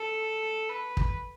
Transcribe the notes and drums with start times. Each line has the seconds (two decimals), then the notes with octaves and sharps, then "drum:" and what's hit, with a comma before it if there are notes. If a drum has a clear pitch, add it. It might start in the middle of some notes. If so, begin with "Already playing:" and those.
Already playing: A4
0.69 B4
0.97 drum: kick